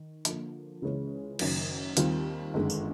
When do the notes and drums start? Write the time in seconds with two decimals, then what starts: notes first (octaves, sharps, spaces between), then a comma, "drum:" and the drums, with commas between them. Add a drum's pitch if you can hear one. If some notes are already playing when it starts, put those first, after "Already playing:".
Already playing: D#3
0.25 D3 F3 A#3, drum: hi-hat
0.82 C#2 C#3 E3 G#3 C#4
1.39 F#1 F#2 D#3 F#3, drum: cymbal
1.97 D#2 D#3 G3 C4 F4, drum: hi-hat
2.54 G1 F#2 D#3 G#3
2.70 drum: tambourine